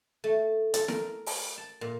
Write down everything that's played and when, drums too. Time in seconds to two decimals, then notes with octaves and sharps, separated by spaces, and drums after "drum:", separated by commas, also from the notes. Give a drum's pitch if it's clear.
0.24 A3
0.74 A4, drum: hi-hat
0.88 A#4, drum: snare E4
1.26 drum: open hi-hat
1.58 A5
1.81 A#2